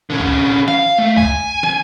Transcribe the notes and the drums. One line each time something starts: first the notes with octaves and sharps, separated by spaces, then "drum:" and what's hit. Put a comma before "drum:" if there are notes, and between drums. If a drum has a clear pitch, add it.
D3 C#4
drum: kick C2
F5, drum: snare
A3
G#5, drum: kick C2
drum: snare